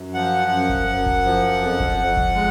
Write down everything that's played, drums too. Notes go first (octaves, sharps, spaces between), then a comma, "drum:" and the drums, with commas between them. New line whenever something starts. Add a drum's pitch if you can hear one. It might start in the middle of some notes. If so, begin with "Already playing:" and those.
Already playing: F#2
F3 F#5
F#2
drum: kick F#1
F#2
drum: kick F#1
F3
F2
drum: kick F#1
F2
drum: kick F#1
G#3